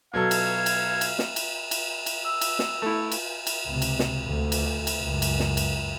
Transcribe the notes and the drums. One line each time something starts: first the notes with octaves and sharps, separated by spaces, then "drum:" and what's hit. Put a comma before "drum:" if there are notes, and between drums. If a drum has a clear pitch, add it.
B2 F#3 A4 F5 G#6
drum: cymbal
drum: cymbal
drum: cymbal
drum: snare
drum: cymbal
drum: cymbal
drum: cymbal
E6
drum: cymbal
drum: snare
A3 E4
drum: cymbal
drum: cymbal
C#2 C3
drum: cymbal
drum: snare
D2
drum: cymbal
drum: cymbal
C#2 F#2
drum: cymbal
drum: snare
drum: cymbal